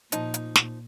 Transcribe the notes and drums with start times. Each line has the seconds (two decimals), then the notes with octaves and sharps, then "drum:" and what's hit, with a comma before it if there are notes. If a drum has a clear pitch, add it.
0.12 A#2 F3 D#4, drum: hi-hat
0.34 drum: hi-hat
0.56 drum: snare